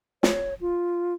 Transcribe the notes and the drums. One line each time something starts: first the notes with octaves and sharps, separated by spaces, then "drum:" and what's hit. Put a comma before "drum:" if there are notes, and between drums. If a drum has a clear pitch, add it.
C#5, drum: snare
F4